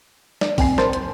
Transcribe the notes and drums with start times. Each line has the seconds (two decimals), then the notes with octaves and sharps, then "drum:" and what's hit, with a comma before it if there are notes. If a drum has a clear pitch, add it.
0.41 D5, drum: snare
0.58 C4 G5 G#5 C7, drum: kick A1, open hi-hat
0.78 A#4 C5 A5 C6 A6, drum: snare
0.93 drum: hi-hat